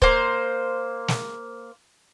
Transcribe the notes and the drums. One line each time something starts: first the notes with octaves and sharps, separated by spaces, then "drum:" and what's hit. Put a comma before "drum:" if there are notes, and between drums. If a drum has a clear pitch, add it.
A#3 C5, drum: kick
drum: snare